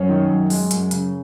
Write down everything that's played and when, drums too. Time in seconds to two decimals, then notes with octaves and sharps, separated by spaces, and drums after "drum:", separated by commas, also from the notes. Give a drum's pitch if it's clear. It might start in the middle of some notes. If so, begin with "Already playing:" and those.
Already playing: F#2 C#4 C#5
0.09 D#3
0.30 F#2
0.50 G#3, drum: open hi-hat
0.71 F#2, drum: hi-hat
0.91 C#3, drum: hi-hat